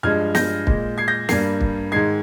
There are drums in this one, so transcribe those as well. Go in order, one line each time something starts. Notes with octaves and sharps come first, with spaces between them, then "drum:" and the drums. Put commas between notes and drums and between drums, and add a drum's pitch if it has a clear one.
G2 F3 G#3 F6 G#6
G6 A#6, drum: snare
A#2 G#3, drum: kick
G#6 C7
G6 A#6
G2 G3 A#3 G#6 C7, drum: snare
drum: kick
G#2 D#3 G#3 G#6 C7